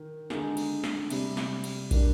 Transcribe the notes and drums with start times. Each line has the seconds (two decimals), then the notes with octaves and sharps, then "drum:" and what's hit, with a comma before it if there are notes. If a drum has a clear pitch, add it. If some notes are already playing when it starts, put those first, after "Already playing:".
Already playing: D#3
0.30 D3 G#3 D#4 G#4, drum: snare
0.57 drum: cymbal
0.84 drum: snare
1.10 C3 G3 C4, drum: cymbal
1.37 drum: snare
1.64 drum: cymbal
1.91 D#3 G3 D4 G4, drum: kick, cymbal